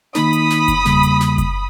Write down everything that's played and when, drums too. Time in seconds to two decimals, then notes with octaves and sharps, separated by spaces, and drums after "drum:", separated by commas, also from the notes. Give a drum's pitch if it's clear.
0.15 D#3 A#3 D#4 B5 D#6, drum: snare
0.33 drum: hi-hat
0.50 drum: snare
0.68 drum: kick F#1, hi-hat
0.85 E2 C#3 G3 A#3, drum: snare
1.03 drum: hi-hat
1.21 drum: snare
1.38 drum: kick F#1, hi-hat